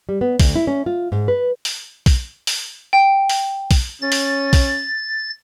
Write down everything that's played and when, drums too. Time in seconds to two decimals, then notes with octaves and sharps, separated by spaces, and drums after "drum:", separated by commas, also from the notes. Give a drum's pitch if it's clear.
0.09 G3
0.21 B3
0.40 D2, drum: kick, open hi-hat
0.56 E4
0.67 C#4
0.86 F4
1.12 G#2
1.28 B4
1.65 drum: open hi-hat
2.06 drum: kick, open hi-hat
2.47 drum: open hi-hat
2.93 G5
3.30 drum: open hi-hat
3.71 drum: kick, open hi-hat
4.02 C#4 A6
4.12 drum: open hi-hat
4.53 drum: kick, open hi-hat